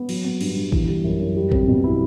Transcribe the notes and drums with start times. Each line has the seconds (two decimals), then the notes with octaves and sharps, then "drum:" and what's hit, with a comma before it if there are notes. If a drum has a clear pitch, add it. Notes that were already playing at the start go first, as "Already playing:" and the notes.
Already playing: B3
0.09 F#3, drum: cymbal
0.24 B3
0.41 G2, drum: cymbal
0.56 G2
0.72 E3, drum: kick
0.88 G3
1.04 F#2
1.20 F#2
1.36 G3
1.52 C4, drum: kick
1.68 B2
1.84 E4